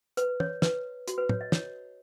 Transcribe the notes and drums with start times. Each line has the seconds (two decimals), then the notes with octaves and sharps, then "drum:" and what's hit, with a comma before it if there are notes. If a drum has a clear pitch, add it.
0.17 B4, drum: hi-hat
0.40 C#5, drum: tom
0.62 B4, drum: snare
1.08 F#4, drum: hi-hat
1.18 B4
1.29 C#5, drum: tom
1.41 D#5
1.52 C#5, drum: snare